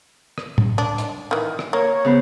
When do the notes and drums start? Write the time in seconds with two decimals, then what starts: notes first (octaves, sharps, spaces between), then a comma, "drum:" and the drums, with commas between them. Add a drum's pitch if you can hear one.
0.38 drum: rim click
0.58 drum: tom
0.78 D4
0.98 drum: hi-hat
1.31 D#3 E3
1.59 drum: rim click
1.73 A#3 C#5
2.05 C#3 B3 C5